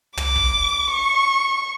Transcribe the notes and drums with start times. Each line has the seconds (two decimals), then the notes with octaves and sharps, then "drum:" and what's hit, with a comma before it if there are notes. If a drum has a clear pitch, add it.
0.17 D6, drum: tom
0.36 drum: kick
0.90 C#6